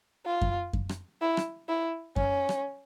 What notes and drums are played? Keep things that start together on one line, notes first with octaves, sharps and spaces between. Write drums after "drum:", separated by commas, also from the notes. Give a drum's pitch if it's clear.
F4
drum: kick F#2
drum: kick F#2
drum: rim click
E4
drum: rim click
E4
C#4, drum: kick F#2
drum: rim click